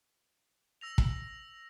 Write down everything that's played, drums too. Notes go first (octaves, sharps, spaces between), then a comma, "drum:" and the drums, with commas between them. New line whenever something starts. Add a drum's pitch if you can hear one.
E6 A#6 F7
drum: kick